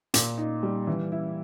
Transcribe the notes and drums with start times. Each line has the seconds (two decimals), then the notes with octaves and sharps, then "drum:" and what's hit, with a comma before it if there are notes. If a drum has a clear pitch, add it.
0.14 A#2, drum: hi-hat
0.38 D#4
0.63 G3
0.87 E3
1.12 E4